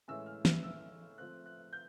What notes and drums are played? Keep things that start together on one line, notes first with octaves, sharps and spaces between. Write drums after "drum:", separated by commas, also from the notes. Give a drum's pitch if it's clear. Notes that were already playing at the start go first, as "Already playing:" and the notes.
A2 E3 G#3 C#4 E6
F6
F6, drum: snare
E6
F3 A3 C4 F#6
F#6
G6